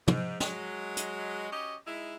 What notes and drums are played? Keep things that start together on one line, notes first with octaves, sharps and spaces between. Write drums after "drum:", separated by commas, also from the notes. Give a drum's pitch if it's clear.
G#2, drum: tom
F#3 G#3, drum: snare
drum: hi-hat
C#4 F#4 G4 D#5
G#3 D#4 E4